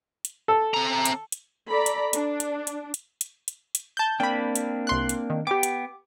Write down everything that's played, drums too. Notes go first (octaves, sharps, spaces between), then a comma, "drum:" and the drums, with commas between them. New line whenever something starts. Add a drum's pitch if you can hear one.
drum: hi-hat
A4
C3 A#5
drum: hi-hat
drum: hi-hat
A4 D5 A#5 B5
drum: hi-hat
D4, drum: hi-hat
drum: hi-hat
drum: hi-hat
drum: hi-hat
drum: hi-hat
drum: hi-hat
drum: hi-hat
A5 G6
A#3 C4 D4 G5 B5
drum: hi-hat
C2 C6 F#6
drum: hi-hat
D#3
B3 G4 G5 D6
drum: hi-hat